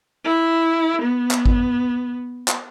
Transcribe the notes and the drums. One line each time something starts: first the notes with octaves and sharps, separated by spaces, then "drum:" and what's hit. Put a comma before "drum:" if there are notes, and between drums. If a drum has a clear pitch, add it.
E4
B3
drum: clap
drum: kick G#1
drum: clap